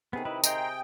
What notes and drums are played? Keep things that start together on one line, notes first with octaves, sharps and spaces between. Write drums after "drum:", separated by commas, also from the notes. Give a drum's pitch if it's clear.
C3 D#3 B3 G#4
E4 B4 D#5
G#4 D#5 E5 G5 A#5 C6, drum: tambourine